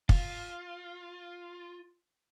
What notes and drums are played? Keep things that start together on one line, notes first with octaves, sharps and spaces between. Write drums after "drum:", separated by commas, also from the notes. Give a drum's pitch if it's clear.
F4, drum: kick